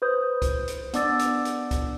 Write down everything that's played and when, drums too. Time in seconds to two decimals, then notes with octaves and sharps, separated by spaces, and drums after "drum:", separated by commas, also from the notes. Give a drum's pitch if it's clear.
0.02 B4 C5 D#6 G6
0.42 drum: kick, hi-hat
0.68 drum: hi-hat
0.93 B3 D4 D5 D6 E6 A6, drum: hi-hat
1.19 drum: hi-hat
1.45 drum: hi-hat
1.71 drum: kick, hi-hat